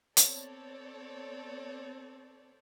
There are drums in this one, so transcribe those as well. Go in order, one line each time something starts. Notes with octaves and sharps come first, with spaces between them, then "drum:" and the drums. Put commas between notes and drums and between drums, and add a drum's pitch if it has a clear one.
B3 C4 A4 C#5 D5, drum: hi-hat